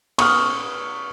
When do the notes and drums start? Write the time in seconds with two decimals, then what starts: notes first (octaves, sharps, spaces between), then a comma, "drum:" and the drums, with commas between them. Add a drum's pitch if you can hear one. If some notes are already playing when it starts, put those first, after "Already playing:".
0.18 C#6 D#6 F6, drum: cymbal